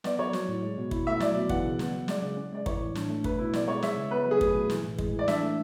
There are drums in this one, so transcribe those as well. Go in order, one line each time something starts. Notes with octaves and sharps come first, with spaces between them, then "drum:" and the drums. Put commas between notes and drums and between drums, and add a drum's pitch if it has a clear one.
B3 D5, drum: snare
F#3 C#5
F#3, drum: snare
A2
G#3
B2
E4, drum: kick
A3 E5
F#3 D5, drum: snare
B2
E3 F#5, drum: kick
C#3
B3, drum: snare
F#3
G#3 D5, drum: snare
C#3
C#4
G#3 D5
E3 C#5, drum: kick
A2
D4, drum: snare
A3
A3 B4, drum: kick
B2 E4
B3 D5, drum: snare
G#3 C#5
G#3 E5, drum: snare
C#3
B3 B4
F#3
G#4
A3, drum: kick
B2
E3, drum: snare
A2
G#3, drum: kick
E3
D5
D4 E5, drum: snare
A3